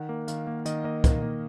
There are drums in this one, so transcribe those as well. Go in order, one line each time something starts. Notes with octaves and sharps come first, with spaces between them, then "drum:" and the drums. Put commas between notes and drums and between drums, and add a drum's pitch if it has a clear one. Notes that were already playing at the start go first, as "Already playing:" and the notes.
Already playing: D#3 F#5
A#3
D#3 F5, drum: hi-hat
A#3
D#3 D#5, drum: hi-hat
A#3 D#5
D#3, drum: kick, hi-hat
A#3